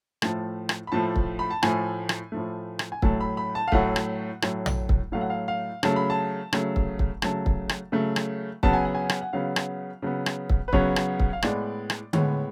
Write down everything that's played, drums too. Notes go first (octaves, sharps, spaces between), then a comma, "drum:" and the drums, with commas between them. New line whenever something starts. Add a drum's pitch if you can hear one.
A2 F3 A3 A5, drum: rim click
drum: rim click
B5
A2 F3 A3 A5
drum: kick
B5
A5
A2 F3 A3 G#5, drum: rim click
drum: rim click
A2 F3 A3
drum: rim click
G#5
A2 F#3 A3 A5, drum: kick
B5
B5
A5
F5
A2 F#3 A3 F#5, drum: kick
drum: rim click
A2 F#3 A3, drum: rim click
drum: tom A#1
drum: kick
A2 F#3 A3 F5
F#5
F5
F5
C#3 F#3 A3 A5, drum: rim click
B5
A5
C#3 F#3 A3, drum: rim click
drum: kick
drum: kick
C#3 F#3 A3 A5, drum: rim click
drum: kick
drum: rim click
C#3 F#3 A3
drum: rim click
C#3 F#3 B3 A5, drum: kick
G#5
F#5
G#5
drum: rim click
F#5
C#3 F#3 B3 F5
drum: rim click
C#3 F#3 B3
drum: rim click
drum: kick
B4
C#3 F#3 B3 C#5, drum: kick
drum: rim click
drum: kick
F5
A2 G#3 B3 D5, drum: rim click
drum: rim click
A2 G#3 B3 C#5, drum: tom D3